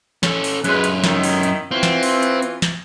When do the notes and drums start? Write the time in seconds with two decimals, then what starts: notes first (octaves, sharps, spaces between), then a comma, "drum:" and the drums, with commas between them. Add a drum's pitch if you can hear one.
0.23 C#4 A4, drum: snare
0.44 drum: open hi-hat
0.64 F#2 G#3 F4 B4, drum: hi-hat
0.84 drum: hi-hat
1.04 D#3 D#4 E4, drum: snare
1.23 drum: open hi-hat
1.43 drum: hi-hat
1.71 E3 C4 F4 F#4
1.83 drum: snare
2.03 drum: open hi-hat
2.23 drum: hi-hat
2.42 drum: hi-hat
2.62 drum: snare